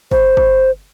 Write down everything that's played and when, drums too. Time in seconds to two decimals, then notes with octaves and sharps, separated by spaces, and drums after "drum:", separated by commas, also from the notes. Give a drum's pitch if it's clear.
0.11 C5, drum: kick
0.37 drum: kick